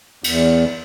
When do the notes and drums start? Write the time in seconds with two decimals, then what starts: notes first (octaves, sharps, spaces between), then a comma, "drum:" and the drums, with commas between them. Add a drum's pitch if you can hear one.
0.24 E2, drum: cymbal